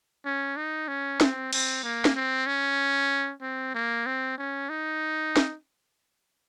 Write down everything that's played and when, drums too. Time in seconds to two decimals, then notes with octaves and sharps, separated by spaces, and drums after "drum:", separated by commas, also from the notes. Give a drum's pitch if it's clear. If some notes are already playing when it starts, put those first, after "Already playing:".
0.25 C#4
0.57 D#4
0.88 C#4
1.21 C4, drum: snare
1.53 C4, drum: cymbal
1.84 A#3
2.05 drum: snare
2.16 C4
2.47 C#4
3.42 C4
3.75 A#3
4.06 C4
4.38 C#4
4.70 D#4
5.37 drum: snare